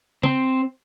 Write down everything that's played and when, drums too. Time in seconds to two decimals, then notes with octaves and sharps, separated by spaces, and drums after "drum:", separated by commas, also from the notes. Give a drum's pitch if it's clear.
0.23 C4, drum: tom